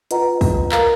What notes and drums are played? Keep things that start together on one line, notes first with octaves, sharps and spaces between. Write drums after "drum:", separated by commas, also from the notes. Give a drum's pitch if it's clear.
F4 B4 D#5 F#5 A#5, drum: hi-hat
drum: kick B1, open hi-hat
A#4 F5 A#5, drum: clap